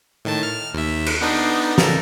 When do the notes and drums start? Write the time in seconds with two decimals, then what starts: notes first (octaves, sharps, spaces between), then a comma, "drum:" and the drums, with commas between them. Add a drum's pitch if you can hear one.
0.25 A2 D#3 A5
0.43 F6
0.74 D#2 E5
1.06 drum: cymbal
1.21 B3 D4 D#4
1.78 C#3 A4 A#4, drum: snare